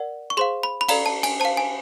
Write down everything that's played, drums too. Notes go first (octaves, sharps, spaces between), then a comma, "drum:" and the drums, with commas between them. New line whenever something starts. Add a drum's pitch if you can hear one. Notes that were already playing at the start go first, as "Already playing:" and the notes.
Already playing: A#4 D5 F#5
C#6
G#4 C5 F5 C6
B5
B5
A4 D5 F5 A#5, drum: cymbal
A5
G#5, drum: cymbal
C5 A5
F5
G#5